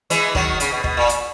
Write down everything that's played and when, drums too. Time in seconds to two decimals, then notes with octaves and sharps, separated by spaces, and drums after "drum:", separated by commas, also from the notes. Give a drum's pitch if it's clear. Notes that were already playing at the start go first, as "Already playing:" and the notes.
0.10 E3 G#3, drum: hi-hat
0.35 D#3 F#3, drum: kick
0.60 C#3, drum: hi-hat
0.72 B2
0.84 B2, drum: kick
0.97 A#2
1.09 drum: hi-hat